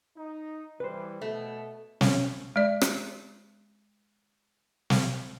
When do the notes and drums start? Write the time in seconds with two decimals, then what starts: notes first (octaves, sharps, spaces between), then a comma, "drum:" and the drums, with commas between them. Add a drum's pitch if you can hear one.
0.16 D#4
0.80 E3 G3 B4 C5
1.21 B2 A3
2.01 C#4, drum: snare
2.56 G#3 D5
2.81 drum: rim click
4.90 drum: snare